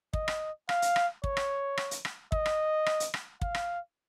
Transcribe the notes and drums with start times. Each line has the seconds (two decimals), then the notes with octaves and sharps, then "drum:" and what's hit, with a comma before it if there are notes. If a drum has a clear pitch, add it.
0.13 D#5, drum: kick
0.28 drum: rim click
0.69 F5, drum: rim click
0.82 drum: hi-hat
0.96 drum: rim click
1.24 C#5, drum: kick
1.37 drum: rim click
1.77 drum: rim click
1.91 drum: hi-hat
2.05 drum: rim click
2.32 D#5, drum: kick
2.46 drum: rim click
2.86 drum: rim click
3.00 drum: hi-hat
3.14 drum: rim click
3.41 F5, drum: kick
3.55 drum: rim click